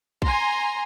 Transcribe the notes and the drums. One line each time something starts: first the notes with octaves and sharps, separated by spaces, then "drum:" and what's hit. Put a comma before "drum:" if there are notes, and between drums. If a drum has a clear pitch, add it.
G#5 A#5 C6, drum: kick